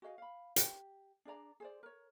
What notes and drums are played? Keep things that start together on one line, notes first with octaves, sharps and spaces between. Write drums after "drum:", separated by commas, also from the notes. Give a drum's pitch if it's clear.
F#4 G#4 D#5 F5
F5 B5
G4, drum: hi-hat
D4 G#4 D5 A#5
G#4 C5 D5
A#4 C#5